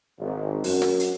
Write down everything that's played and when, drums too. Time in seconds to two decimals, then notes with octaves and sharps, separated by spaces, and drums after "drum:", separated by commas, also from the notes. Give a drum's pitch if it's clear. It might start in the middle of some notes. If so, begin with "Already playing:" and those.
0.19 G#1
0.64 F#2, drum: open hi-hat
0.82 drum: snare
1.00 drum: hi-hat